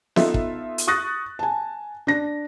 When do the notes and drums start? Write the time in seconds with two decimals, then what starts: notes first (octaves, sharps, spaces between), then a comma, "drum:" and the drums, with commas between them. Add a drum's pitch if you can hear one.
0.16 B3 D#4 F4 A4 E5, drum: snare
0.34 drum: kick
0.78 drum: hi-hat
0.88 C#6 D#6 F#6 A6 A#6
1.39 G#5 A5
2.07 D4 A#6